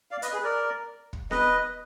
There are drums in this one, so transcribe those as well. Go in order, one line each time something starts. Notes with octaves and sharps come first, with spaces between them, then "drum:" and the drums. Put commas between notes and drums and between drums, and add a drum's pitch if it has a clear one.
D5 F5
B4 D#5, drum: hi-hat
G#4 B4
A#4 D5
drum: kick
B4 D#5, drum: snare B3